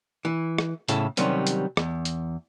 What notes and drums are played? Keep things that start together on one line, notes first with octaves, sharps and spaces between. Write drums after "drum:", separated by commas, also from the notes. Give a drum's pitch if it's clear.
E3
drum: rim click
A2 C#3 E4 A4, drum: hi-hat
C3 D#3 F#3 G3 C#4, drum: hi-hat
drum: hi-hat
E2, drum: rim click
drum: hi-hat